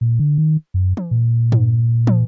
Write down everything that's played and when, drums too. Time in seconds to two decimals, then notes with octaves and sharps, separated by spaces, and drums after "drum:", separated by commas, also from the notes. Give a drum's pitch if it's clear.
0.01 A#2
0.19 D3
0.38 D#3
0.74 F#2
0.97 drum: tom E3
1.11 A#2
1.52 drum: tom G2
2.07 drum: tom